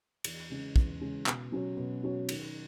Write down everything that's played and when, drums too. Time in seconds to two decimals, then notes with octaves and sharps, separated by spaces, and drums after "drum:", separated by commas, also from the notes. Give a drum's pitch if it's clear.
0.24 E2, drum: cymbal
0.50 C#3 G#3 C#4
0.76 E2, drum: kick
1.01 C#3 G#3 C#4
1.26 B2, drum: clap
1.52 F#3 C#4 F#4 C#5
1.77 B2
2.03 F#3 C#4 F#4 C#5
2.29 D#3, drum: cymbal